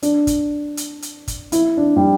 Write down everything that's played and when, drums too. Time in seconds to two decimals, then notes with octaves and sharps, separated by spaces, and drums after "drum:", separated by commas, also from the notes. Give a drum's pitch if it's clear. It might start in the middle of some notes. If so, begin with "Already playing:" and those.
0.02 D4, drum: hi-hat
0.27 drum: kick, hi-hat
0.77 drum: hi-hat
1.02 drum: hi-hat
1.28 drum: kick, hi-hat
1.52 E4, drum: hi-hat
1.77 D4
1.97 G3